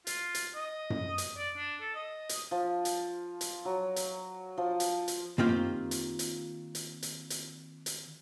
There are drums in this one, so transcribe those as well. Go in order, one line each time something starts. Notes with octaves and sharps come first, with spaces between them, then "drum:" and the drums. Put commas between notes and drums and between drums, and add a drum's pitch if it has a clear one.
F4, drum: hi-hat
drum: hi-hat
D#5
drum: tom F#2
drum: hi-hat
D5
D4
A4
D#5
drum: hi-hat
F3
drum: hi-hat
drum: hi-hat
F#3
drum: hi-hat
F3
drum: hi-hat
drum: hi-hat
D#3 A#3 C4 F4 G4 C5, drum: tom F#2
drum: hi-hat
drum: hi-hat
drum: hi-hat
drum: hi-hat
drum: hi-hat
drum: hi-hat